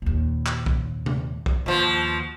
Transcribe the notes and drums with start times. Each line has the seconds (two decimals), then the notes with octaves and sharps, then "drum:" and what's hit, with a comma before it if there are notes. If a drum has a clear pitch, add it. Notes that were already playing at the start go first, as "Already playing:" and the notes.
0.02 D#2 A#2
0.46 drum: clap
0.66 drum: kick
1.06 drum: tom C3
1.46 drum: kick
1.66 D#2 B2 F3